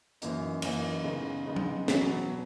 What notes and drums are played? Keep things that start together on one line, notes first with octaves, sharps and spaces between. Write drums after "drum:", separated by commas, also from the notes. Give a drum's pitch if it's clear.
F#2 E3 A#3 D#4, drum: hi-hat
F#2 E3 A#3 D#4, drum: cymbal
C#3 G#3 B3 D#4
C#3 G#3 B3 D#4
drum: tom
E2 B2 F#3 B3, drum: snare
B2